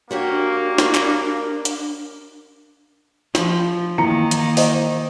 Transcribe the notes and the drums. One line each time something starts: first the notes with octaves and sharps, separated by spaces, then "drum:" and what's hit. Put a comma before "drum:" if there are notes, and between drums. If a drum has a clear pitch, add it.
A#3 D4 F#4 G4 A#4 C#5
drum: snare
drum: clap
drum: hi-hat
F3, drum: snare
D#3 E3 A#3 A#5 C#7
drum: hi-hat
C5 D#5, drum: open hi-hat